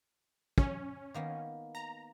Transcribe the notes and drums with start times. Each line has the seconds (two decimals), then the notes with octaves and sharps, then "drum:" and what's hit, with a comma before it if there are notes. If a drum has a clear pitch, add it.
0.58 C#4, drum: kick
1.14 D#3 A#3 B3
1.75 A#5